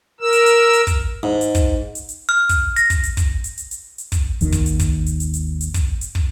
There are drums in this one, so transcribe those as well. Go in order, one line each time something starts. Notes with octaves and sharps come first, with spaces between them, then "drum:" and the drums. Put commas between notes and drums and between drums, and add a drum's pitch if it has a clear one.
A#4 E6
drum: hi-hat
drum: hi-hat
drum: hi-hat
drum: kick, hi-hat
G#2
drum: hi-hat
drum: kick, hi-hat
drum: hi-hat
drum: hi-hat
F6
drum: kick, hi-hat
A#6, drum: hi-hat
drum: kick, hi-hat
drum: hi-hat
drum: kick, hi-hat
drum: hi-hat
drum: hi-hat
drum: hi-hat
drum: hi-hat
drum: kick, hi-hat
G#1 D#2 D#3, drum: hi-hat
drum: kick, hi-hat
drum: hi-hat
drum: kick, hi-hat
drum: hi-hat
drum: hi-hat
drum: hi-hat
drum: hi-hat
drum: kick, hi-hat
drum: hi-hat
drum: kick